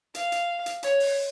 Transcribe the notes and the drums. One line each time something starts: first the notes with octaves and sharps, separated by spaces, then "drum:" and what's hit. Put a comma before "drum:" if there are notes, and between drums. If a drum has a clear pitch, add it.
F5, drum: hi-hat
drum: hi-hat
drum: hi-hat
C#5, drum: hi-hat
drum: open hi-hat